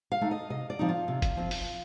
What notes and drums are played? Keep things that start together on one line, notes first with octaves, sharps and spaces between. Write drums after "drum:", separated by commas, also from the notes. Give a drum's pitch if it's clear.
F5
A3 D#4
D#5
C3 D#5
D5
F3 C4 D#4
F4
C3
drum: kick F#1, hi-hat
F3 C4
drum: open hi-hat